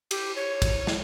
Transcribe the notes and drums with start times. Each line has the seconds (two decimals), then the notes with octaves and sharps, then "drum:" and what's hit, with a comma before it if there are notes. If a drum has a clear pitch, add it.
0.11 G4, drum: cymbal
0.36 C#5
0.62 drum: kick, cymbal
0.87 drum: snare